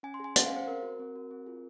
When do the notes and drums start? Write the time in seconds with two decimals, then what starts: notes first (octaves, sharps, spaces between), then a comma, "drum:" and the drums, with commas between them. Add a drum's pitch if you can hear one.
0.03 C#4 G#5
0.14 C6
0.20 G#4 G#5
0.36 C#4 F#5, drum: hi-hat
0.46 G#4 F5
0.56 C5
0.67 C4 A#4
0.83 F#4
0.99 C4
1.16 F#4
1.31 C4
1.46 F4 G#4